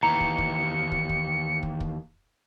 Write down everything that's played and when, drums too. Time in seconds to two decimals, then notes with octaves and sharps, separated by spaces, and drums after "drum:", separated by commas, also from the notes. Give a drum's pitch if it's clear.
0.03 D#2 E3 A#5 C#7
0.21 drum: kick
0.38 drum: kick
0.92 drum: kick
1.09 drum: kick
1.63 drum: kick
1.80 drum: kick